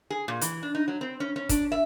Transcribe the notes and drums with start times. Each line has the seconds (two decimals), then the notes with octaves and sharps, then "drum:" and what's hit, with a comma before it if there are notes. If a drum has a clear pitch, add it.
0.10 G#4
0.28 A#2
0.41 E3, drum: hi-hat
0.63 D4
0.75 D#4
0.88 F#3
1.01 C4
1.20 C#4
1.36 C#4
1.49 D4, drum: kick, hi-hat
1.72 E5